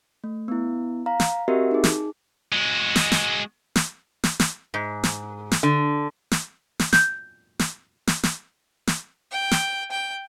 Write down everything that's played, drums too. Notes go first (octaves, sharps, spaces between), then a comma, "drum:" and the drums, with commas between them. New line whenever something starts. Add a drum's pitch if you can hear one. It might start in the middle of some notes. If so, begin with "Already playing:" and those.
A3
B3 E4
F5 A#5
drum: snare
C4 F#4 G4 A#4 D#5 E5
D#4 G#4
drum: snare
G#3 F#4
drum: snare
drum: snare
drum: snare
drum: snare
drum: snare
G#2
drum: snare
drum: snare
D3
drum: snare
drum: snare
G6, drum: snare
drum: snare
drum: snare
drum: snare
drum: snare
G5
drum: snare
G5